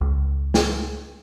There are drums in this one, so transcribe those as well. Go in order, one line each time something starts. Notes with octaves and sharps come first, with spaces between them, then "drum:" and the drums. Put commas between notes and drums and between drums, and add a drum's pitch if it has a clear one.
C#2
drum: snare